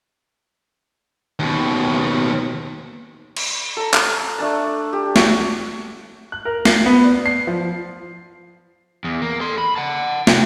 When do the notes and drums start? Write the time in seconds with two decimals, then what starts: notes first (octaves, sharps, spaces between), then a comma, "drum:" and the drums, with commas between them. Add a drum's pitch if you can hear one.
1.40 D#2 B2
3.37 drum: cymbal
3.77 A4 A#5
3.94 drum: clap
4.38 A3 D4 A5
4.93 G4
5.16 F#4 E5, drum: snare
6.32 F#6
6.45 A#4
6.65 C7, drum: snare
6.86 B3
7.03 D5
7.26 C7
7.47 F3
9.04 E2
9.22 A#3
9.40 A4 C6
9.58 B5
9.76 F#5 A5
10.27 C3, drum: snare